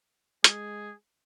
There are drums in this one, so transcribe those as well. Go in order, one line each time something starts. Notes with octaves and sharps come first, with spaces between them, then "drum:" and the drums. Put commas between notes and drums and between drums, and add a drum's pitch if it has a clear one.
G#3 G#4, drum: hi-hat